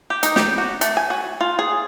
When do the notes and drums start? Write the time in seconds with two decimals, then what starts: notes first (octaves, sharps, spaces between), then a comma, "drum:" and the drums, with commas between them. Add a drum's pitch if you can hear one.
0.10 G4
0.23 D#4, drum: hi-hat
0.36 G4, drum: snare
0.58 F#4
0.81 A3, drum: hi-hat
0.97 G#5
1.10 F#4
1.41 F4
1.59 G#4